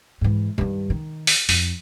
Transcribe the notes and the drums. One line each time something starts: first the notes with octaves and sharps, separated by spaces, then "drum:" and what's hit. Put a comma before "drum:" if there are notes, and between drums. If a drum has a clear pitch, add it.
G#2 E3
G2 D#3
D#3
drum: open hi-hat
F2, drum: open hi-hat